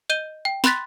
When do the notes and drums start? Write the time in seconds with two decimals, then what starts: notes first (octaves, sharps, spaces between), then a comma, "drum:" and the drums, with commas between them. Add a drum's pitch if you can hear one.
0.09 D#5 G6 D#7 G7
0.45 G5
0.64 B5 C6 F#6 A6 B6, drum: snare